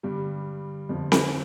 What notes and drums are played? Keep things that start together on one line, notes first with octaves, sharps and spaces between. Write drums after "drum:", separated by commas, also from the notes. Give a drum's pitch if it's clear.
G2 D3 G3
D3
F2 D3 F3
drum: snare C4